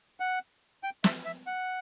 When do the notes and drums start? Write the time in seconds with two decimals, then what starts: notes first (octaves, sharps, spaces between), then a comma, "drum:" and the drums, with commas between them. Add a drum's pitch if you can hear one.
0.20 F#5
0.83 G5
1.04 E5, drum: snare
1.25 E5
1.47 F#5